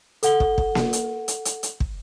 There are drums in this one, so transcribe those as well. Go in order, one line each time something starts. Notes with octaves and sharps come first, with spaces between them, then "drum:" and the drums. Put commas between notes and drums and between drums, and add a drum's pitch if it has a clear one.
A4 F#5 G7, drum: hi-hat
drum: kick
drum: kick
drum: snare A#3
drum: hi-hat
drum: hi-hat
drum: hi-hat
drum: hi-hat
drum: kick